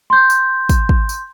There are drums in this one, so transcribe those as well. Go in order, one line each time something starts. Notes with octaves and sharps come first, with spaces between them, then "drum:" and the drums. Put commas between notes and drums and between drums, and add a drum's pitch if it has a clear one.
C6 G6
drum: tambourine
drum: kick, tambourine
drum: kick
drum: tambourine